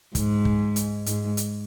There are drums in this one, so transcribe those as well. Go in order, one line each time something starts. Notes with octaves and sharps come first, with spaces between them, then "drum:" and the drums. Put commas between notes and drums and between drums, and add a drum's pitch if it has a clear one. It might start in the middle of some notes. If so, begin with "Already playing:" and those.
G#2, drum: kick, hi-hat
drum: kick
drum: hi-hat
G#2, drum: hi-hat
drum: hi-hat